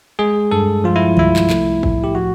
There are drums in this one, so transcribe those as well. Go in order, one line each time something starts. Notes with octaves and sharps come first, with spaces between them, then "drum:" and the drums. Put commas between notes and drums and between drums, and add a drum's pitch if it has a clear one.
G#3 G#4
G2 A4
F3 F4
E4
C2 E4, drum: tom D3
drum: clap
A3, drum: clap
A2, drum: kick
G4
F3 F#4